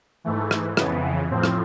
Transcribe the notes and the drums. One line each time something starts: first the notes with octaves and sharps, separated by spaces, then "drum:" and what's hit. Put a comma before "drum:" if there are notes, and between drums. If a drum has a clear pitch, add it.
G#2 E3 A3
drum: rim click
F2 C#3 E3 B3, drum: rim click
A2 F3 C4
drum: rim click